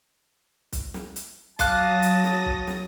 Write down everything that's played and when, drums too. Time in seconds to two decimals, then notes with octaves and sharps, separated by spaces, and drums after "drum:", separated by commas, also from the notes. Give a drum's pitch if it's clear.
0.73 drum: kick, hi-hat
0.94 drum: snare
1.16 drum: hi-hat
1.59 F#3 F5 A5 D6 D#6 F#6 A#6, drum: kick, hi-hat
2.02 drum: hi-hat
2.24 drum: snare
2.46 drum: kick
2.67 drum: snare